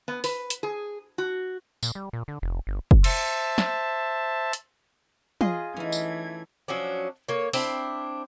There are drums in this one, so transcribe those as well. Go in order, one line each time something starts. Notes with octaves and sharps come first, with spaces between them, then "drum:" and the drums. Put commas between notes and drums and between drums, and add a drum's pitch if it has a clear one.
B3
B4, drum: open hi-hat
drum: hi-hat
G#4
F#4
A#2, drum: tambourine
G3
A#2
D3
F1
G1
drum: kick F#1
C5 E5 A5, drum: cymbal
drum: snare
drum: hi-hat
F4 G#4 D#5, drum: tom
E3 A3 C#4 D#4 G#6
drum: tambourine
F3 F#3 C#4 D4
A#3 C#5
C4 D4 E4, drum: open hi-hat